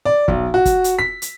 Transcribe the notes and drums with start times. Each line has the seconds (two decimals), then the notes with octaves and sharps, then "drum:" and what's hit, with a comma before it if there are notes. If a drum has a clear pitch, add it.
0.05 D5
0.28 B1, drum: kick
0.54 F#4
0.65 drum: kick, hi-hat
0.84 drum: hi-hat
0.99 B6
1.22 drum: hi-hat